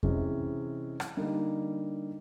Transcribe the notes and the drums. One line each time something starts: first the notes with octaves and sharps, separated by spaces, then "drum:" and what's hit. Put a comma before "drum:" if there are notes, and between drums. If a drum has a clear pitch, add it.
C3 E3 G#3 C#4, drum: kick F2
drum: rim click
D3 G3 A#3 D#4